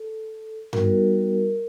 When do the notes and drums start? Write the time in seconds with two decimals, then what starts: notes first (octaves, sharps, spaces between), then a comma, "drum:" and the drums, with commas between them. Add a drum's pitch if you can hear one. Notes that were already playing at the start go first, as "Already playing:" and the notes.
Already playing: A4
0.73 G3 B3 D#4 F#4 A#4, drum: tom G2